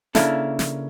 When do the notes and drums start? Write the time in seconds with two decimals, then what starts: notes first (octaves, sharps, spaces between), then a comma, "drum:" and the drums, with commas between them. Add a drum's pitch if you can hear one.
0.15 C#3 A#3 D4 E4 A4, drum: snare
0.59 drum: snare